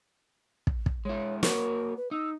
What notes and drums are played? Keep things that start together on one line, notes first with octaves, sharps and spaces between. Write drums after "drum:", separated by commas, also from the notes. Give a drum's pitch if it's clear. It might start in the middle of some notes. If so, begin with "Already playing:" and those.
drum: kick
drum: kick
G#3 E4 C#5
A#3 F#4 A#4 C#5, drum: snare
B4
D#4 E6